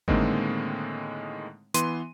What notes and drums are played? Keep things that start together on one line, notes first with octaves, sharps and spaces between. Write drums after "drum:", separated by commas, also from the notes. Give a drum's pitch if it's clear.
A2 D3 D#3 G#3 A#3 C4, drum: kick G#1
E3 B3 C6 D#7, drum: hi-hat